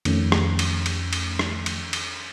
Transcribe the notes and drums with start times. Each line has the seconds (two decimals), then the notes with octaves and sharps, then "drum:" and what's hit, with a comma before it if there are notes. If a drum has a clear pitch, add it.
0.05 F2 D#3 F3 A3 C#4, drum: cymbal
0.32 drum: rim click
0.59 drum: cymbal
0.86 drum: cymbal
1.13 drum: cymbal
1.39 drum: rim click
1.66 drum: cymbal
1.93 drum: cymbal